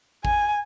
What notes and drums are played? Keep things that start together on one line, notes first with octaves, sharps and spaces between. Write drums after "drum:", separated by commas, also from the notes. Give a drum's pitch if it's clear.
G#5, drum: kick G#1